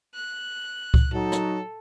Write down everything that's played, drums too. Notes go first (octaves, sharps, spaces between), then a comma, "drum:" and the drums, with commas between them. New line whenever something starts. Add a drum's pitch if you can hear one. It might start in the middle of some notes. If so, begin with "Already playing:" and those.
F#6
drum: kick C#2
F#3 D#4 A4
drum: rim click